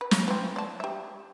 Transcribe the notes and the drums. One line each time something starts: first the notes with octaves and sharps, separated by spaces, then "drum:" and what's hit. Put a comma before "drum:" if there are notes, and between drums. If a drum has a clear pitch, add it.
B4
drum: snare
E3 C4
D5 A5
G4 E5